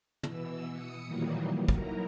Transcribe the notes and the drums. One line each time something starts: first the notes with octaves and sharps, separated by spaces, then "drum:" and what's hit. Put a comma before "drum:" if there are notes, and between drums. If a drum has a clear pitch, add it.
B2 E3 E6, drum: tom
D#6 C#7
A#2 D#3 E3 F#3 G3 A#3
F#3 D#4 E4 A#4 A#5, drum: kick